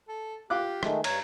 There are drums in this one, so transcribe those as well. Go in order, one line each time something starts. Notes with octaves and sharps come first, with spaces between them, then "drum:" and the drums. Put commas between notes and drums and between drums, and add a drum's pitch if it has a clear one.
A4
F4 G4 D6 F#6
D#3 G#3 A3, drum: rim click
G2 C#5 A#5, drum: cymbal